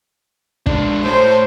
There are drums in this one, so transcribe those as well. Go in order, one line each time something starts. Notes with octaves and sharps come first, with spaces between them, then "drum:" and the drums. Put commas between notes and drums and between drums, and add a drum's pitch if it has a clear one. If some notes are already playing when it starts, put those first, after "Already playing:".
G#3 D4, drum: kick
A2 C5